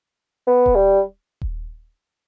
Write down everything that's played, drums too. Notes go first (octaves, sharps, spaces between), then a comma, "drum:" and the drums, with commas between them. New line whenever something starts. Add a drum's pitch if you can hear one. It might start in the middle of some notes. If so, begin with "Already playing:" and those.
B3
drum: kick D#1
G3
drum: kick D#1